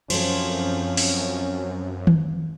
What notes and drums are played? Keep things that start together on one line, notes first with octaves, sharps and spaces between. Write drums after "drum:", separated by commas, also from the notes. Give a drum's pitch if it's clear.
F#2 F3 C4 C#4 A4 C5, drum: cymbal
drum: open hi-hat
drum: tom D#3